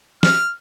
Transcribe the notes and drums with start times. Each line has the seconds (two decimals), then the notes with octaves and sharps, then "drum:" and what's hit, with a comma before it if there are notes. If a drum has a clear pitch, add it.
0.23 F6, drum: snare